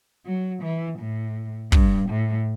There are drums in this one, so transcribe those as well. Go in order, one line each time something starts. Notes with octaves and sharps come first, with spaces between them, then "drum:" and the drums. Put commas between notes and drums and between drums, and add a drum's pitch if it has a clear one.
F#3
E3
A2
G2, drum: kick
A2